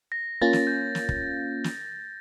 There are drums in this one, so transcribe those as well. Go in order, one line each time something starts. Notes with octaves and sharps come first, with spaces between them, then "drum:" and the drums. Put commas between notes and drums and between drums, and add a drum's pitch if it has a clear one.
A#6
A#3 C#4 F4 A6
drum: snare
G6
drum: snare
drum: kick
drum: snare